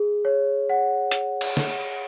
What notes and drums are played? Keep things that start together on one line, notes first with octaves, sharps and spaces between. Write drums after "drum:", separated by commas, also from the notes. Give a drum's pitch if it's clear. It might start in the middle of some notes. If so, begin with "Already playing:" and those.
Already playing: G#4
C#5
F#5
drum: hi-hat
drum: cymbal
drum: snare